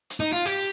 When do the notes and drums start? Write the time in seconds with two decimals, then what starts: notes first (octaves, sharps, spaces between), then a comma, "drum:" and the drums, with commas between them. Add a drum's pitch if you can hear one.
0.10 drum: hi-hat
0.20 D#4
0.33 F4
0.45 G4, drum: hi-hat